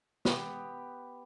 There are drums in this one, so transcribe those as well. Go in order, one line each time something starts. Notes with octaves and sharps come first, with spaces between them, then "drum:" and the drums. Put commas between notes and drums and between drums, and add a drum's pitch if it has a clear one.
B3 G4, drum: snare